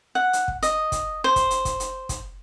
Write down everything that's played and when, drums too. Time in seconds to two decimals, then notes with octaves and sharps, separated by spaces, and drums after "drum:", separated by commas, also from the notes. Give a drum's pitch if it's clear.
0.15 F#5
0.33 drum: hi-hat
0.48 drum: kick
0.63 D#5, drum: hi-hat
0.92 drum: kick, hi-hat
1.24 C5
1.36 drum: kick, hi-hat
1.51 drum: hi-hat
1.65 drum: kick, hi-hat
1.80 drum: hi-hat
2.09 drum: kick, hi-hat